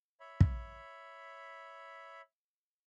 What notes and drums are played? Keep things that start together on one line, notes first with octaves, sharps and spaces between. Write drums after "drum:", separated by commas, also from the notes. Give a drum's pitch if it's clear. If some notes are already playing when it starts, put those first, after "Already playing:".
C#5 E5 B5
drum: kick